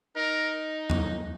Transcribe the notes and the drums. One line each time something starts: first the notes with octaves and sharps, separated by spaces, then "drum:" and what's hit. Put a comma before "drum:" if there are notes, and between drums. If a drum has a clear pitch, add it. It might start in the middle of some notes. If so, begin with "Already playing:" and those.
D#4 A#4
drum: tom E2